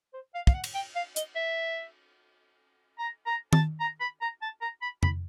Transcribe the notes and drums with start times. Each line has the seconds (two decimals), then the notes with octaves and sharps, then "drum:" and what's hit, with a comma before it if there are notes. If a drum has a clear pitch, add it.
0.13 C5
0.34 F5
0.47 F5, drum: kick
0.54 F#5
0.64 drum: cymbal
0.74 G5
0.96 F5
1.16 D#5, drum: hi-hat
1.36 E5
2.99 A#5
3.27 A#5
3.53 A5, drum: tom D#3
3.80 A#5
4.00 B5
4.21 A#5
4.42 A5
4.61 A#5
4.82 B5
5.03 B5, drum: tom F2